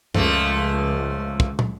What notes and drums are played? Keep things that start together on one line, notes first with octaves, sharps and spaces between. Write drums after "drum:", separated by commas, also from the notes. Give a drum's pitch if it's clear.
C#2 F3 A3 A#3, drum: tom F#2
drum: kick
drum: tom